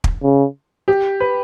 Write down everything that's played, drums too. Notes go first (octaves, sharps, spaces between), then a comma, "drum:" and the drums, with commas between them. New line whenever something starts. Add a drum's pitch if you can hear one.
drum: kick
C#3
G4
B4